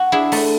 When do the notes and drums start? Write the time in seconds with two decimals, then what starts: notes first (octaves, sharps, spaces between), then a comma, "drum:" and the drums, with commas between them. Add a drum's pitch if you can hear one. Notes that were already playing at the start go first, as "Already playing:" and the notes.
Already playing: F#4
0.12 D4 E4 G#4
0.32 A3, drum: open hi-hat